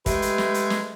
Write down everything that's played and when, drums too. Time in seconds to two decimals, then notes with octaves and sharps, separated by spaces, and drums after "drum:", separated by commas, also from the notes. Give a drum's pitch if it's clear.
0.06 G#3 A3 G4 B4, drum: kick, hi-hat
0.22 drum: hi-hat
0.38 drum: snare
0.54 drum: hi-hat
0.70 drum: snare